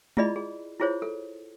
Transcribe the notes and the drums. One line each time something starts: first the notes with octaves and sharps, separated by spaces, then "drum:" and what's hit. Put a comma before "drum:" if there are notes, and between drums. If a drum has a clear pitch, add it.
E4 F4 G#4 D5 D#5 B5, drum: tom G#3
G#4
E4 F4 G#4 C5 C#5
A4